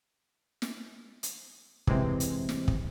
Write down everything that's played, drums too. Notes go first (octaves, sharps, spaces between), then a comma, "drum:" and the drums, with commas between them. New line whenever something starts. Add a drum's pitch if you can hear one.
drum: snare
drum: hi-hat
C3 E3 G#3 C4, drum: kick
drum: hi-hat
drum: snare
drum: kick